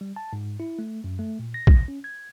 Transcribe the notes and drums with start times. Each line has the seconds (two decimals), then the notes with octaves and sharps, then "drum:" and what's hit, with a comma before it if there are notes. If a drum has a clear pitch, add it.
0.01 G3
0.16 A5
0.33 G#2
0.60 E4
0.79 A3
1.04 F#2
1.19 A3
1.39 A#2
1.54 A#6
1.67 drum: kick
1.88 C#4
2.04 G#6